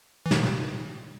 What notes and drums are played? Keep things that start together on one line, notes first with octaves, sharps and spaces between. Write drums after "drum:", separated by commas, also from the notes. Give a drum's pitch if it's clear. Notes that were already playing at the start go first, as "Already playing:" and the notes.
E3
B2 D#3, drum: snare
A#2 C#3